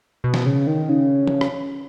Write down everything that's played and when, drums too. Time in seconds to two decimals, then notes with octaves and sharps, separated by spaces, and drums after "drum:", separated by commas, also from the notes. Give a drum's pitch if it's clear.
0.24 B2
0.34 drum: snare
0.46 C#3
0.67 D#3
0.89 C#3
1.28 drum: tom
1.41 drum: rim click